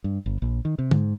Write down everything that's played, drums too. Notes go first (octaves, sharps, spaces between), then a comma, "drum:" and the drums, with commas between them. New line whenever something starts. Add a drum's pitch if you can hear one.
G2
G1
A#1
D#3
C3
G#2, drum: tom